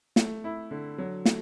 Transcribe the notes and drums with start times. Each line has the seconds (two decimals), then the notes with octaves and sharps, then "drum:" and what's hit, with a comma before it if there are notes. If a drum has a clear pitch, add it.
0.16 A3, drum: snare
0.44 E4
0.71 D3
0.98 F#3
1.25 A3, drum: snare